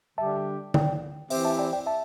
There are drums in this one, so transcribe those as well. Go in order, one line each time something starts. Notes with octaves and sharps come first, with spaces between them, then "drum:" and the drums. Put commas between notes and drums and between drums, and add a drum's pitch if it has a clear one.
D3 G3 D4 G4 E5 A5
D5 G5, drum: tom
E3 C4 G4 C5 E5, drum: open hi-hat
E5 A5
D5 G5
D5 G5
E5 A5